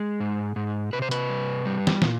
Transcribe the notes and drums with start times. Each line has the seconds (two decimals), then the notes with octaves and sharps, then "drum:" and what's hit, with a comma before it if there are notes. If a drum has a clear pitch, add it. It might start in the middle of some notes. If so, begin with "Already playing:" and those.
Already playing: G#3
0.20 G#2
0.56 G#2
0.93 C3 B4
1.02 C5
1.11 B4, drum: hi-hat
1.29 G3
1.66 G3
1.87 drum: snare
2.02 A#2, drum: snare